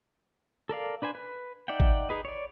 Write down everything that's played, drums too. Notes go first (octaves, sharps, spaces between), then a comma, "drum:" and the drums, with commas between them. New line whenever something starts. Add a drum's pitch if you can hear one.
A4 A#4 D5 F5
D4 B4 C5 G#5
B4
D#4 D5 E5 F#5 G5
drum: kick G#1
D#4 G#4 B4 D#5
C#5 D5